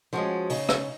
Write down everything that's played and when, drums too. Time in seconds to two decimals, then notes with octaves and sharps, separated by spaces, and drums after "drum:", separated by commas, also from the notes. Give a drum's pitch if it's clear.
0.13 F3 G#3 C#4 F#4
0.50 C#3 D#4, drum: open hi-hat
0.69 drum: rim click